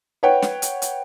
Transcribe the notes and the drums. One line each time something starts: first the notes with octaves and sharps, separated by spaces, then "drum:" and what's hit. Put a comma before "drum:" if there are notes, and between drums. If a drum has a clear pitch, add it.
B4 C#5 F#5 G5
drum: snare
drum: hi-hat
drum: hi-hat